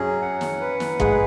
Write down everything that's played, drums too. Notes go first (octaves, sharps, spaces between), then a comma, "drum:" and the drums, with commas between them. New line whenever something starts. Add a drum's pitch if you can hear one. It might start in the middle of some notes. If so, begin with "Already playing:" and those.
Already playing: F#2 F#3 C#4 G#4
F#5
drum: snare
B4
drum: snare
G#2 G#3 G#4, drum: kick